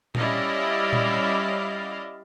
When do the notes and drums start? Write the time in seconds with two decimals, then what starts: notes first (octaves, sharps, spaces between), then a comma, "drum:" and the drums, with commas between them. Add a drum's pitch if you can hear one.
0.15 G3 C#4 E4 D5 D#5 F5, drum: tom A#2
0.93 drum: tom A#2